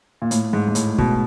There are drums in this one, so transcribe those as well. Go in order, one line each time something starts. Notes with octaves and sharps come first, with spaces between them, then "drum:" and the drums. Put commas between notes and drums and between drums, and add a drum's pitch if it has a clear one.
A#2
A2, drum: hi-hat
G#2
G#2
A2, drum: hi-hat
B2, drum: kick